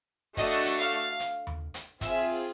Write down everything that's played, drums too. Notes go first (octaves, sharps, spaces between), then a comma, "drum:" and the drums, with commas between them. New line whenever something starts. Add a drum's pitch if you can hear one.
A3 D4 F#4 A4 D#5, drum: kick, hi-hat
drum: hi-hat
F5
drum: hi-hat
drum: tom D#2
drum: hi-hat
C4 F4 G#4 E5, drum: kick, hi-hat